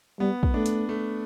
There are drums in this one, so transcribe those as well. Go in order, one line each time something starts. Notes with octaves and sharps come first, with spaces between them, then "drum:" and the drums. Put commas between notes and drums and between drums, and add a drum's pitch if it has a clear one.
G3 B3
drum: kick
A3 D4
drum: hi-hat
A3